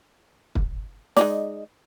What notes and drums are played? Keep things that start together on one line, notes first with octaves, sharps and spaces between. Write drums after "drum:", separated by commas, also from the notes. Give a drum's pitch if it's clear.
drum: kick
G#3 D#4 D5, drum: snare